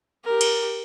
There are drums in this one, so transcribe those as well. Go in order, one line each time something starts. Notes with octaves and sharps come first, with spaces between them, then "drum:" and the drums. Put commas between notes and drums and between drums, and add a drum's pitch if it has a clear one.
G4 A#4
drum: cymbal